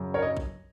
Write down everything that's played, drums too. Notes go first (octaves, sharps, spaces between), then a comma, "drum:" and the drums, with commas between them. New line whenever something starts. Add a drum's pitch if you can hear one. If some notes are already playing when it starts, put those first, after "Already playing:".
Already playing: F#2 C#3
A#4 C#5
D#5
drum: kick A#1